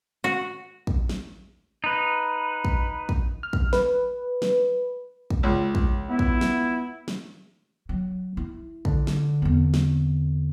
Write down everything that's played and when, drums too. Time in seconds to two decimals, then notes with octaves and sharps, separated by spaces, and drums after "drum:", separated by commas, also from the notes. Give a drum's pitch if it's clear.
0.24 F#4
0.87 drum: kick
1.09 drum: snare
1.84 D#4 B4
2.65 drum: kick
3.09 drum: kick
3.43 F6
3.53 drum: kick
3.73 B4, drum: snare
4.42 drum: snare
5.30 drum: kick
5.43 C#2
5.75 drum: kick
6.10 B3 E4
6.19 drum: kick
6.41 drum: snare
7.08 drum: snare
7.89 F#3
8.37 E4
8.85 D3, drum: kick
9.07 drum: snare
9.42 E2 C4
9.74 drum: snare